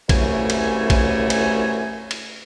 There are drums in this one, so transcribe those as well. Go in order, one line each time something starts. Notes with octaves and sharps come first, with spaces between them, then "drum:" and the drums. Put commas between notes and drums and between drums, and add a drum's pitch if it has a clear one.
C2 F#2 C#3 E3 A3 G#5, drum: kick, cymbal
drum: cymbal
drum: kick, cymbal
drum: cymbal
drum: cymbal